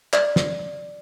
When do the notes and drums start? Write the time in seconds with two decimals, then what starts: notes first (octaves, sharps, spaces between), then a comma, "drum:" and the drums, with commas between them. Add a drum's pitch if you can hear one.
0.13 D5, drum: clap
0.36 drum: snare